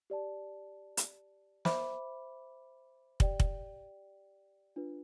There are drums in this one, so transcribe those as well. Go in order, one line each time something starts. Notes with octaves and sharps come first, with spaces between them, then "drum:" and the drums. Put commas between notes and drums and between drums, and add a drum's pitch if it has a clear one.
G4 D5 A5
drum: hi-hat
C5 E5 B5 D6, drum: snare
G4 D5 G5, drum: kick
drum: kick
D4 F4 B4